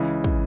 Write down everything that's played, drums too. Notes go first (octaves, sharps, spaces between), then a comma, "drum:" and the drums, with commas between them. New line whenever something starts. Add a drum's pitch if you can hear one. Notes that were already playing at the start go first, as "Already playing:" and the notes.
Already playing: C#2 C#3 E3
drum: kick